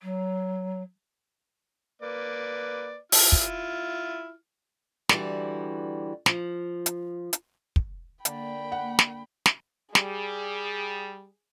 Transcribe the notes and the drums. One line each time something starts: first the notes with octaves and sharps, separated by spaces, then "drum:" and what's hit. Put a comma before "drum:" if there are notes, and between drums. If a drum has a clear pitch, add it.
F#3
A#3 B4 D5
E4 F4 F6, drum: open hi-hat
drum: kick
D3 E3 G3 F#4, drum: snare
F3, drum: snare
drum: hi-hat
drum: hi-hat
drum: kick
D3 A#3 D5 G5 B5, drum: hi-hat
F#5
drum: snare
drum: snare
G3 G#4, drum: snare